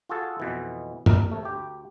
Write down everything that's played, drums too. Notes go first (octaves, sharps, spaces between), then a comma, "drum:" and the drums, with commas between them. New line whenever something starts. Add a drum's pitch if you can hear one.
F4 F#4 G#4 A4
F2 B2 E3
G2 A#4, drum: tom G2
C3 A3
D2 G4